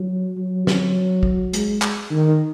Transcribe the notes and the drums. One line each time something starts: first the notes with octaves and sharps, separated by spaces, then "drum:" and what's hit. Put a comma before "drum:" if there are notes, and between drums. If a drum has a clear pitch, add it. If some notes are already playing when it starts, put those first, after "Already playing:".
Already playing: F#3
F#3
F#3, drum: snare
drum: kick
G#3, drum: hi-hat
drum: clap
D#3